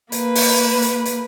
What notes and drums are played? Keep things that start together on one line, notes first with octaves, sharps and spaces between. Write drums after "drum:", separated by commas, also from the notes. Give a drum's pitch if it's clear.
A#3 B4, drum: hi-hat
drum: open hi-hat
drum: hi-hat
drum: hi-hat